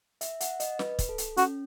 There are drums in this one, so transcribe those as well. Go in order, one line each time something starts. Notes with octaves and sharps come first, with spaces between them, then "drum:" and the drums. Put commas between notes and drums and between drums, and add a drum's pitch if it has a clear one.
E5, drum: hi-hat
F#5, drum: hi-hat
D#5, drum: hi-hat
B4, drum: snare
drum: kick, hi-hat
A4
drum: hi-hat
C#4 F#4, drum: hi-hat